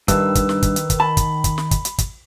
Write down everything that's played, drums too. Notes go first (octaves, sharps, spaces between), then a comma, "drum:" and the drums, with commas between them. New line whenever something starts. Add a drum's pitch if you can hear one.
G2 D#3 B4 E6, drum: kick, hi-hat
drum: kick, hi-hat
drum: snare
drum: kick, hi-hat
drum: hi-hat
drum: kick, hi-hat
A5 B5
drum: kick, hi-hat
drum: kick, hi-hat
drum: snare
drum: kick, hi-hat
drum: hi-hat
drum: kick, hi-hat